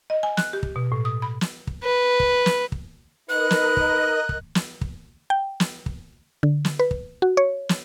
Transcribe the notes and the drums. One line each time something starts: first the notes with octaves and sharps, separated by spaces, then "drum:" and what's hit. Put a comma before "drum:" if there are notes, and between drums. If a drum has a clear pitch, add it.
D#5
G#5
F#6, drum: snare
G4
drum: kick
B2
A2
D#6
B5
drum: snare
drum: kick
B4
drum: kick
drum: snare
drum: kick
D#4 A#4 B4 D#5 F#6
drum: snare
drum: kick
drum: kick
drum: snare
drum: kick
G5
drum: snare
drum: kick
D3
drum: snare
B4
drum: kick
F#4
C#5
drum: snare